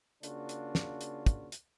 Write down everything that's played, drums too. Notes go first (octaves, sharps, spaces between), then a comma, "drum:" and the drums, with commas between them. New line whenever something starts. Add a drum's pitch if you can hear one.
C#3 A#3 D4 F4 F#4, drum: hi-hat
drum: hi-hat
drum: snare
drum: hi-hat
drum: kick, hi-hat
drum: hi-hat